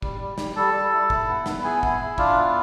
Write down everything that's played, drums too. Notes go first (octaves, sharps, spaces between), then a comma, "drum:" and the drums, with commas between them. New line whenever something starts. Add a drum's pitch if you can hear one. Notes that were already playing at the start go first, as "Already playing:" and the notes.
G3, drum: kick
G3
G3, drum: snare
G3 A4 A5
G3
E4
E4, drum: kick
B3
B3, drum: snare
E4 G#4 G#5
E4, drum: kick
E4
D4 F4 F5, drum: kick
B3